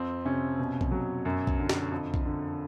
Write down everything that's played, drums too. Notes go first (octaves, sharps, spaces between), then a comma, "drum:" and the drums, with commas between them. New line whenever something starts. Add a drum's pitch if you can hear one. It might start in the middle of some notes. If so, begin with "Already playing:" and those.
Already playing: F2 C4
C3 C#4
B2
drum: kick
F#3
F#2
drum: kick
D3
drum: snare
F2
drum: kick
D3